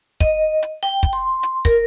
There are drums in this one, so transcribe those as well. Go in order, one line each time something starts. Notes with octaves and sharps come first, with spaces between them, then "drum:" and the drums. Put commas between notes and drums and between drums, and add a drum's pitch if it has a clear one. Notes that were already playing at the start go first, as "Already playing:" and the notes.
D#5, drum: kick, hi-hat
drum: hi-hat
G5
drum: kick, hi-hat
C6
drum: hi-hat
A#4, drum: kick, hi-hat